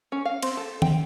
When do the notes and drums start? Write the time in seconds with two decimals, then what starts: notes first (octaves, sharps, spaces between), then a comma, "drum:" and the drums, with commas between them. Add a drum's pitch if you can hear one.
0.12 C#4
0.25 F5
0.43 C4, drum: cymbal
0.57 A4
0.82 G5, drum: tom D#3